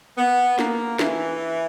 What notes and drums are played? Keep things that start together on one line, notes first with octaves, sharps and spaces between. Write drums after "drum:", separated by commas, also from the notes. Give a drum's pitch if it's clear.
B3
A#3, drum: snare
E3, drum: snare